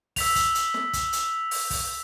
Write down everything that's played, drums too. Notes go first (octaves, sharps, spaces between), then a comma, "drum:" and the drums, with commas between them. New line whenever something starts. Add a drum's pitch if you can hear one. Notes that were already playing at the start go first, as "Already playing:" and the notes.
E6 B6 F7, drum: kick, open hi-hat
drum: kick, hi-hat
drum: hi-hat
drum: snare
drum: kick, hi-hat
drum: hi-hat
drum: open hi-hat
drum: kick, open hi-hat